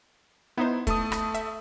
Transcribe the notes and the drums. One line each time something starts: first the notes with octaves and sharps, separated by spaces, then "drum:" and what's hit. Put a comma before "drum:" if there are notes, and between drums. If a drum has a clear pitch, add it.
B3 D#4 E4 C5
A3 A5 D#6, drum: kick, hi-hat
drum: rim click
E5, drum: hi-hat